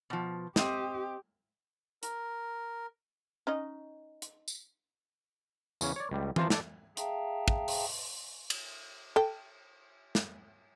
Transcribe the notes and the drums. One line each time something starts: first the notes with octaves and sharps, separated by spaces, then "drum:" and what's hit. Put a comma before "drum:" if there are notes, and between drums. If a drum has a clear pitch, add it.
B2 F3
C4 G4 D#5, drum: snare
A#4, drum: hi-hat
C#4 D#4 D#5
drum: hi-hat
drum: tambourine
E2 C#3 C#4, drum: tambourine
C#5 D5
C#2 G3
E3 F3 F4 C5 A5 A#5, drum: tom
A4 D5, drum: snare
G#4 E5 F5 G5 A5 A#5, drum: hi-hat
drum: kick
drum: open hi-hat
drum: cymbal
A4 G5
drum: snare